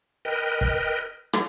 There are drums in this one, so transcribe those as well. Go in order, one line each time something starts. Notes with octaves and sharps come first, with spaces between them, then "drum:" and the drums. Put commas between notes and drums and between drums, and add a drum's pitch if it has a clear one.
A#4 B4 D#5 G5
drum: kick
drum: rim click